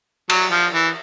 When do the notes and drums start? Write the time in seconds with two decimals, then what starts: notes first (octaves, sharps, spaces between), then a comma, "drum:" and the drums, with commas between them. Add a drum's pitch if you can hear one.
0.30 F#3, drum: cymbal
0.51 F3
0.73 E3